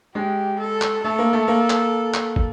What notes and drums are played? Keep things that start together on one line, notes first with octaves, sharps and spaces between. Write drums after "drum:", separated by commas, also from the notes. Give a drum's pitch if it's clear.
G#3 G4
A4
drum: clap
A3 A4
A#3
A3
A#3
drum: clap
drum: clap
drum: kick